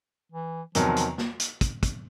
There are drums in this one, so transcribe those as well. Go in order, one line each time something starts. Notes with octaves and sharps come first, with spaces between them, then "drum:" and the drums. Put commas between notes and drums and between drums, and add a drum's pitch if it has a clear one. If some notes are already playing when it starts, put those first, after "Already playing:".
E3
E2 C3 D#3 F3 F#3, drum: hi-hat
drum: hi-hat
drum: snare
drum: hi-hat
drum: kick, hi-hat
drum: kick, hi-hat